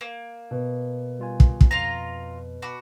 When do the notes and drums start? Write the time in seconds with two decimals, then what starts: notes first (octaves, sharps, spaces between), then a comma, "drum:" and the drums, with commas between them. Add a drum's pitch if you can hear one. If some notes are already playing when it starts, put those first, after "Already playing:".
0.01 A#3
0.51 B2
1.19 G3 F4 G#5
1.40 drum: kick
1.61 drum: kick
1.71 F2 F4 A#5
2.62 F#4 A5 B5 D6